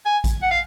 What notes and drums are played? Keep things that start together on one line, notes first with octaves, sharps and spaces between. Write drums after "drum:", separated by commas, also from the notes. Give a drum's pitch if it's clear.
G#5
drum: kick A1, hi-hat
F#5
F5